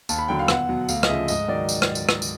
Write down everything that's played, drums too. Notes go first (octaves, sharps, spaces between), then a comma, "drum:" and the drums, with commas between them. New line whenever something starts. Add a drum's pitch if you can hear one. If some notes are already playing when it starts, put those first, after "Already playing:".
D#2 A5, drum: tambourine
B5
D3 F#3 G5
F5
E2 F#5, drum: rim click
B2 F#3
D2 F5, drum: tambourine
D#5, drum: rim click
C#3 F3 E5
G#2 D#5, drum: tambourine
D#3 F#3 D5
drum: tambourine
drum: rim click
drum: tambourine
drum: rim click
drum: tambourine